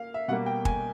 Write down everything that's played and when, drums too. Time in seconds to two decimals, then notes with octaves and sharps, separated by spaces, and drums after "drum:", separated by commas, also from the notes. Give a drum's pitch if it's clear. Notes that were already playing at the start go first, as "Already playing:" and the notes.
Already playing: A#3 F5
0.14 E5
0.28 B2 G3 A#3 F#5
0.46 G5
0.65 G#5, drum: kick